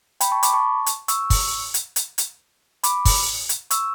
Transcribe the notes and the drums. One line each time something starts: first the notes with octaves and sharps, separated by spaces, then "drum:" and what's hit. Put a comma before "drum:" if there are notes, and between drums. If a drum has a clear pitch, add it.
G5 B5, drum: hi-hat
A5 C#6
B5 D6, drum: hi-hat
A5 C#6
drum: hi-hat
C#6 E6, drum: hi-hat
drum: kick, open hi-hat
drum: hi-hat
drum: hi-hat
drum: hi-hat
B5 D6, drum: hi-hat
drum: kick, open hi-hat
drum: hi-hat
C#6 E6, drum: hi-hat